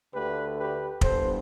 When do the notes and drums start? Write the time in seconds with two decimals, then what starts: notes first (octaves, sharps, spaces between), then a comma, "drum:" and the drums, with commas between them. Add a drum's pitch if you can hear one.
0.13 D2 D3 A3 G4 B4
0.58 G4 B4
1.01 G2 E3 B3 A4 C5, drum: kick